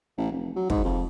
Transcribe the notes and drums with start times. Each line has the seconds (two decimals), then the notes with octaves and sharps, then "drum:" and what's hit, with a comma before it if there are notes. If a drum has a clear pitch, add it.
0.17 A1
0.31 F1
0.56 F#3
0.70 G#2, drum: kick
0.84 F2